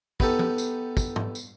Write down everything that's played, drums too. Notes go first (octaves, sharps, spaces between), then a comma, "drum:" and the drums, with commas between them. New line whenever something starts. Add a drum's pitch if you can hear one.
B3 D#4 G4 A4, drum: kick
drum: tom
drum: tambourine
drum: kick, tambourine
drum: tom
drum: tambourine